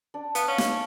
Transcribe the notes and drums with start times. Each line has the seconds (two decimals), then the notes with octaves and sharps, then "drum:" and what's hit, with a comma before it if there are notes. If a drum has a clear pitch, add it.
0.14 D4
0.35 B3 F5, drum: hi-hat
0.48 C#4
0.58 drum: snare
0.71 D5